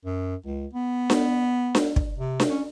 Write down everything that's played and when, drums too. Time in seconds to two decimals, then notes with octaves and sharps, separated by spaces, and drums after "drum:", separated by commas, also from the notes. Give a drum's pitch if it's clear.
0.05 F#2
0.46 C#2
0.73 B3
1.10 drum: snare D4
1.75 drum: snare D4
1.96 drum: kick
2.18 C3
2.40 drum: snare D4
2.50 C#4